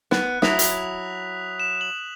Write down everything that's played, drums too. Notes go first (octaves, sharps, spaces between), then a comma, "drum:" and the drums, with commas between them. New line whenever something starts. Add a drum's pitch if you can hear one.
B3 F#6, drum: snare
F#3 E4 D#6 B6 F7, drum: snare
drum: hi-hat
E7
F#7